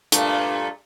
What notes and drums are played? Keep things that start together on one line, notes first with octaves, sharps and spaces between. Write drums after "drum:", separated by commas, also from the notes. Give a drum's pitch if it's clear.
G2 A#2 A3, drum: hi-hat